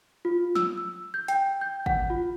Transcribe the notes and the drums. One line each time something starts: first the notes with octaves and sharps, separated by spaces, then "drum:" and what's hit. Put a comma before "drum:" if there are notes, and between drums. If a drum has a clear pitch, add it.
F4
E6, drum: snare
E6
G6
G5, drum: hi-hat
G6
F#5, drum: kick
F4